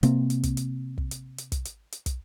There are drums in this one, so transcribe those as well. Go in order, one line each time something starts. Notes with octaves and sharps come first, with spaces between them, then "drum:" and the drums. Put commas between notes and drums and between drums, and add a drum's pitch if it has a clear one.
C3 A#3 C4, drum: hi-hat
drum: hi-hat
drum: kick, hi-hat
drum: hi-hat
drum: kick
drum: hi-hat
drum: hi-hat
drum: kick, hi-hat
drum: hi-hat
drum: hi-hat
drum: kick, hi-hat